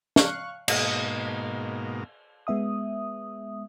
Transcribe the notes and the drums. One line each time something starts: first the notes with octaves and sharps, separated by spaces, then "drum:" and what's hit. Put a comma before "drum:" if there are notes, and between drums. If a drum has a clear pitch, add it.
F5 C#6 F#6, drum: snare
G#2 B2 A#3 D#5, drum: cymbal
G#3 B3 E5 D#6